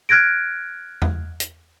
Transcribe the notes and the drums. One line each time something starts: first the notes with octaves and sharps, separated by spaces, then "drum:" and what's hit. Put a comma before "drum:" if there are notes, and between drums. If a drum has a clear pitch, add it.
F6 F#6 G#6 A#6 D7
drum: tom E2
drum: hi-hat